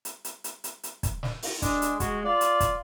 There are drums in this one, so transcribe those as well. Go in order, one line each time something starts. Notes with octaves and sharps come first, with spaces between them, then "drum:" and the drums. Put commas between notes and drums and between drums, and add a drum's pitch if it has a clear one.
drum: hi-hat
drum: hi-hat
drum: hi-hat
drum: hi-hat
drum: hi-hat
drum: kick, hi-hat
drum: snare
drum: open hi-hat
G#3 D4, drum: kick, hi-hat
drum: hi-hat
G#3 F#4, drum: kick, hi-hat
F4 D5
drum: hi-hat
drum: kick, hi-hat